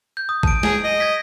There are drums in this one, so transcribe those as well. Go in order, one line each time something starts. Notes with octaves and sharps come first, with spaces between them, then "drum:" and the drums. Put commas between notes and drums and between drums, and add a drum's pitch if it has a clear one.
G6
D#6
A5 D7, drum: kick
G#4, drum: snare
D#5
G#6 A#6 B6